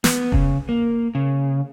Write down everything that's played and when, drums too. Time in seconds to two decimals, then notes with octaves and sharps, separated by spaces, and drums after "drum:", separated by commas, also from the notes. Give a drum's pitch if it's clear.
0.04 B3, drum: snare
0.32 C#3, drum: kick F1
0.69 A#3
1.15 C#3